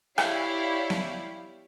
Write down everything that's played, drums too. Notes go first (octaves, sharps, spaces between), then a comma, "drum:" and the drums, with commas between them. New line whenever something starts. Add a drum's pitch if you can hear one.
E4 G4 C#5 D5 F5, drum: rim click
drum: snare B3